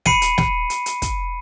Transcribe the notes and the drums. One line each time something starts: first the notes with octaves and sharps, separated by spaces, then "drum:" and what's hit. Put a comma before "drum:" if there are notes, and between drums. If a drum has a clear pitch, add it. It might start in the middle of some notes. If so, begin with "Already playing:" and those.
B5 C7 C#7 D#7, drum: snare
drum: hi-hat
drum: snare
drum: hi-hat
drum: hi-hat
drum: kick, hi-hat